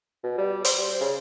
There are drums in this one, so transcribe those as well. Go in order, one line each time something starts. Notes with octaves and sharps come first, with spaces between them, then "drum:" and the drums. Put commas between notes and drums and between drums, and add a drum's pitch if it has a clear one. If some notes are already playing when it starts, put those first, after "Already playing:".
B2
G3
C5, drum: hi-hat
C#3